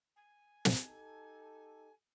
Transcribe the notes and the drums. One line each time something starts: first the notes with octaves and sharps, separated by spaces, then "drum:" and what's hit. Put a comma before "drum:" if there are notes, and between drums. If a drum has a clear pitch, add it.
G#5
drum: snare
D#4 G4 A4